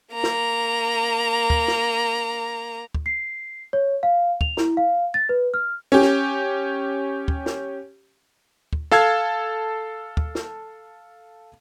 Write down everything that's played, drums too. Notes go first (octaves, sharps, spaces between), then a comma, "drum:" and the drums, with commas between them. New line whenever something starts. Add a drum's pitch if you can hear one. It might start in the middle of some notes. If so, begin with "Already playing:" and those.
A#3 A#5
drum: snare
drum: kick
drum: snare
drum: kick
C7
C#5
F5
F7, drum: kick
E4, drum: snare
F5
A6
B4
F6
C#4 G4
drum: snare
drum: kick
drum: snare
drum: kick
A4 F5 A5 E6 G#6, drum: snare
drum: kick
drum: snare